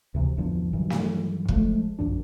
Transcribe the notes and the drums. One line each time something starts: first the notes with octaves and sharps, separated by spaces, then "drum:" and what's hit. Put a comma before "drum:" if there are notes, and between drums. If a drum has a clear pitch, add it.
D2 C3 E3
G#1 E2 D3 F3
G2 D#3 E3 F#3
drum: snare
F3 G#3 A3, drum: kick
A#1 F#2 D#3 D4